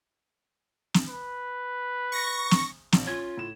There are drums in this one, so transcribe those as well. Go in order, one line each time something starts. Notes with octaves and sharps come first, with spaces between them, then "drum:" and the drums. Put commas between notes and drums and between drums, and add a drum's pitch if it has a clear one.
drum: snare
B4
C#6 A#6
drum: snare
A#1, drum: snare
C#4 F4 G#6
A2 E7